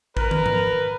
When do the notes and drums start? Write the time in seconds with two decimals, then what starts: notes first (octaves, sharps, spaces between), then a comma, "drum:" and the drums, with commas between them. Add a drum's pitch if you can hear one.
0.17 A#4 B4, drum: kick
0.31 drum: tom
0.46 drum: tom G#2